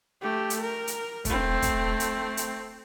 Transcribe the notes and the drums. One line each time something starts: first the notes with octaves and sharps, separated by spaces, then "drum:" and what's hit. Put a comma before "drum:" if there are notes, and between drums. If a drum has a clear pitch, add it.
A3 G4
drum: hi-hat
A#4
drum: hi-hat
A3 C4, drum: kick, hi-hat
drum: kick, hi-hat
drum: hi-hat
drum: hi-hat